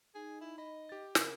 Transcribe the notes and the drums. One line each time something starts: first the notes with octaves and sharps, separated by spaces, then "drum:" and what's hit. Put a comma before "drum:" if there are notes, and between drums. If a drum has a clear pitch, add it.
D#4 G#4
E4
D#5 B5
G4 A6
C#3 E4 A#4, drum: snare